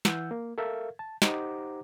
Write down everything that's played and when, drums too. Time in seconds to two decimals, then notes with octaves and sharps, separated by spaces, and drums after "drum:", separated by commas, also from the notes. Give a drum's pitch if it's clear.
0.05 E3 F#5 E6 G6, drum: snare
0.31 A#3
0.58 A4 A#4 E5 F5
0.99 A5
1.22 D#4 G4 C5 F#5 A#5 D6, drum: snare